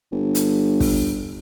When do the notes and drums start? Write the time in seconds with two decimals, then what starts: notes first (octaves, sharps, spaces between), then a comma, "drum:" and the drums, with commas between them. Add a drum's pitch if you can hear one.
0.12 G1
0.35 drum: hi-hat
0.80 drum: kick, open hi-hat